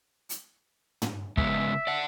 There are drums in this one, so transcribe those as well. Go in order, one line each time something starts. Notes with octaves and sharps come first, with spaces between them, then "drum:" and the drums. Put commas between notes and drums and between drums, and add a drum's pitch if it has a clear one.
drum: hi-hat
drum: tom
C#3 G#3 B3 E5, drum: kick
D5 F#5